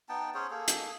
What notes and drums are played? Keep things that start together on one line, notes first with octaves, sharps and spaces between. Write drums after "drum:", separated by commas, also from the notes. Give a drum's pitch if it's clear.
B3 D#4 G5 A5
C#4 G#4 C5 C#5
A#3 G#4 A4
drum: hi-hat